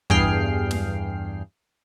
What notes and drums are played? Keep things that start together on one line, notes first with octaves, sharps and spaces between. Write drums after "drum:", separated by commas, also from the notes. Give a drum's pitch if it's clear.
E2 G2 G#4 G5 F6 C7, drum: kick
drum: snare